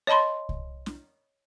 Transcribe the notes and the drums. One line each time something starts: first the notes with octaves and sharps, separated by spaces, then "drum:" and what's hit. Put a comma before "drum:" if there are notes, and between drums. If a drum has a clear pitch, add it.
C#5 D#5 A5 B5 C6
drum: kick C2
drum: snare